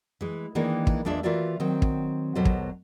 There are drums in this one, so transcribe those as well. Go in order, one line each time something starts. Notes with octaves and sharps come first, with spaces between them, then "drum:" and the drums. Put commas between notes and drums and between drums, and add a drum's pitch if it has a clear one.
E3 G#3
D#3 E3 G#3 A#3 D4
drum: kick
E2 G#3 D4 F4 E5
E3 F4 F#4 A#4 D5 E5
D#3 F#3 C4
drum: kick
D#2 B2 F#3 A4 C5 D#5
drum: kick